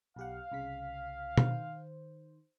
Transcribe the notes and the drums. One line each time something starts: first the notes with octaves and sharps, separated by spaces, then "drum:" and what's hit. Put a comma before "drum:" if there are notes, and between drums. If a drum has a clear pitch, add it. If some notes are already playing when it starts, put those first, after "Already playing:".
B1 G4 F5 F#5
C2 C#3 B6
D#3 C5, drum: tom